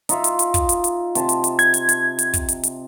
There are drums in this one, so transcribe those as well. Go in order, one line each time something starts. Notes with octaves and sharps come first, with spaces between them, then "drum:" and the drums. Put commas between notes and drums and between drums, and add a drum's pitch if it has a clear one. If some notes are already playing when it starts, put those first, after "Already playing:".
D#4 F4 E5, drum: hi-hat
drum: hi-hat
drum: hi-hat
drum: kick, hi-hat
drum: hi-hat
drum: hi-hat
C3 A5, drum: hi-hat
drum: hi-hat
drum: hi-hat
G#6, drum: hi-hat
drum: hi-hat
drum: hi-hat
drum: hi-hat
drum: kick, hi-hat
drum: hi-hat
drum: hi-hat